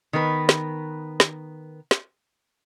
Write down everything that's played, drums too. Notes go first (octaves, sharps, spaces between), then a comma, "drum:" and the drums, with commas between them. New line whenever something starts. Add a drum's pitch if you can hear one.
D#3 B3 A#4 B4
drum: snare
drum: snare
drum: snare